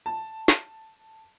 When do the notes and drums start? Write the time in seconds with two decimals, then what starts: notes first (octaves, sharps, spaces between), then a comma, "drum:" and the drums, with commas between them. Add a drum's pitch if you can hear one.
0.06 A5
0.48 drum: snare